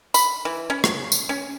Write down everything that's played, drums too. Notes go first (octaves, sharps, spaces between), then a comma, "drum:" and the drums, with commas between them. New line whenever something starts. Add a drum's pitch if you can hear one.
B5, drum: tambourine
E3
C#4
drum: rim click
drum: tambourine
C#4